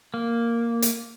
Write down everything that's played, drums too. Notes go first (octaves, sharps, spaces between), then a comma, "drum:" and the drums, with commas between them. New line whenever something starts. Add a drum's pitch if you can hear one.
A#3
drum: hi-hat